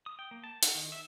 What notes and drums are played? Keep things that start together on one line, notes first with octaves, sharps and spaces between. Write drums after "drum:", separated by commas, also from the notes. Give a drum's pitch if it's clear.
D#6
G5
A#3
A5
F#5, drum: hi-hat
D#3
E5